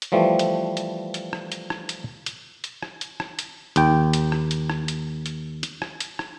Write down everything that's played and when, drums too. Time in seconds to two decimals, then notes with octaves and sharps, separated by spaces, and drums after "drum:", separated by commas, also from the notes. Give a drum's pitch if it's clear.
0.02 drum: hi-hat
0.12 E3 F3 G3 A3
0.39 drum: hi-hat
0.77 drum: hi-hat
1.14 drum: hi-hat
1.33 drum: rim click
1.52 drum: hi-hat
1.70 drum: rim click
1.89 drum: hi-hat
2.26 drum: hi-hat
2.64 drum: hi-hat
2.83 drum: rim click
3.01 drum: hi-hat
3.20 drum: rim click
3.39 drum: hi-hat
3.76 D#2 G5, drum: hi-hat
4.13 drum: hi-hat
4.32 drum: rim click
4.51 drum: hi-hat
4.70 drum: rim click
4.88 drum: hi-hat
5.26 drum: hi-hat
5.63 drum: hi-hat
5.82 drum: rim click
6.00 drum: hi-hat
6.19 drum: rim click